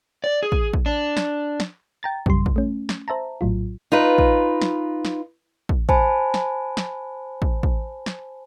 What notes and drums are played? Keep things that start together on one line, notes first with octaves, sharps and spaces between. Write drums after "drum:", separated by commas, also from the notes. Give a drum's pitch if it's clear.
D5
G#4
drum: kick
drum: kick
D4
drum: snare
drum: snare
G5 A#5 A6
F#2 C#3 G3 C6, drum: kick
drum: kick
A3 C#4
drum: snare
C5 E5 A5 A#5
A#1 A2 F#3 F4
D#4 F4 B4
drum: kick
drum: snare
drum: snare
drum: kick
C5 G#5 A5 B5, drum: kick
drum: snare
drum: snare
drum: kick
drum: kick
drum: snare